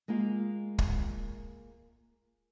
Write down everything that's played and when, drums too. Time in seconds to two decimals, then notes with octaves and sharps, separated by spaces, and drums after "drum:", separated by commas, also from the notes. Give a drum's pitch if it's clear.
0.08 G#3 A#3 F4 F5
0.78 drum: kick